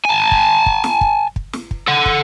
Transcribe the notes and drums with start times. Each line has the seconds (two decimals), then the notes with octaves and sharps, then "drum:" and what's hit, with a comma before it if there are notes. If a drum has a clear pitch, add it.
0.05 G#5 A5
0.31 drum: kick
0.66 drum: kick
0.84 drum: snare
1.01 drum: kick
1.36 drum: kick
1.53 drum: snare
1.71 drum: kick
1.88 A4 F#5
2.06 drum: kick